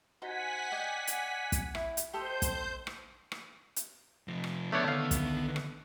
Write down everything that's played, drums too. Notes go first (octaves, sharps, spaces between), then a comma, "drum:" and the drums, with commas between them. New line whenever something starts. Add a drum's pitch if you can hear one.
D#4 F#4 C5 F#5 G#5 B6
D5 D#5 G5
drum: hi-hat
drum: kick, hi-hat
E4, drum: rim click
drum: hi-hat
G4 A4 C5 D#5 G6
drum: kick, hi-hat
drum: rim click
drum: rim click
drum: hi-hat
C3 F3
drum: rim click
F3 A3 B3 D4 C#5 D5
D3 D#3 A3 E5 F5
drum: kick, hi-hat
drum: rim click